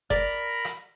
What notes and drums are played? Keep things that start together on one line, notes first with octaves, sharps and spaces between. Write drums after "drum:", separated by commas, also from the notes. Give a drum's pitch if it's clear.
A#4 D5 A#5 B5, drum: kick F#1
drum: rim click